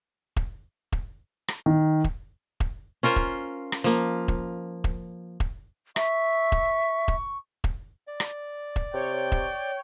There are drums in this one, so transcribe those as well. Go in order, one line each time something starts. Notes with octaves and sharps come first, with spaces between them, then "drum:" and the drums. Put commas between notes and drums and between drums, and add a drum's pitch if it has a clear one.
drum: kick E1
drum: kick E1
drum: rim click
D#3
drum: kick E1
drum: kick E1
C#4 F4 A#4 C5
drum: kick E1
drum: rim click
F3 A#3
drum: kick E1
drum: kick E1
drum: kick E1
E5 C#6, drum: rim click
drum: kick E1
drum: kick E1
drum: kick E1
D5
drum: rim click
drum: kick E1
C3 C#5 G5
drum: kick E1